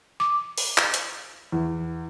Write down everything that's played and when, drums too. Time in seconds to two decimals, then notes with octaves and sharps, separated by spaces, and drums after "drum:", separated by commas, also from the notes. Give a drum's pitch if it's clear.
0.20 D6
0.58 drum: open hi-hat
0.78 drum: clap
0.94 drum: hi-hat
1.52 E2